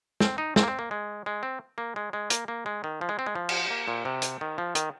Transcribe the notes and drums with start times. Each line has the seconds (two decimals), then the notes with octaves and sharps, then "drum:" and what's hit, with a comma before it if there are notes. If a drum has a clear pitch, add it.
0.20 C4, drum: snare
0.38 D#4
0.56 C4, drum: snare
0.63 A#3
0.68 C4
0.79 A#3
0.91 G#3
1.26 G#3
1.43 C4
1.78 A#3
1.96 G#3
2.13 G#3
2.30 A#3, drum: hi-hat
2.48 A#3
2.66 G#3
2.84 D#3
3.01 F3
3.09 G#3
3.19 C4
3.26 G#3
3.35 F3
3.49 drum: cymbal
3.70 A#3
3.88 A#2
4.05 C3
4.22 drum: hi-hat
4.41 D#3
4.58 F3
4.75 D#3, drum: hi-hat